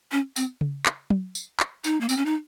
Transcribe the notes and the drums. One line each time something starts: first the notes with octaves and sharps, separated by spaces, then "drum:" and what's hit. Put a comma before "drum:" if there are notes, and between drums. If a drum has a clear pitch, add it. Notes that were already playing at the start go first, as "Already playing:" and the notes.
C#4
C4, drum: tambourine
drum: tom C#3
drum: clap
drum: tom
drum: tambourine
drum: clap
D#4, drum: tambourine
A#3
C4, drum: tambourine
C#4
D#4